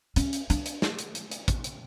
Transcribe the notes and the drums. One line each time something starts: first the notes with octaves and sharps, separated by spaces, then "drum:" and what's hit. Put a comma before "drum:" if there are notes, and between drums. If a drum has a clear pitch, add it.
C#4, drum: hi-hat
drum: hi-hat
D4, drum: hi-hat
drum: hi-hat
drum: snare
drum: hi-hat
drum: hi-hat
drum: hi-hat
drum: kick, hi-hat
drum: hi-hat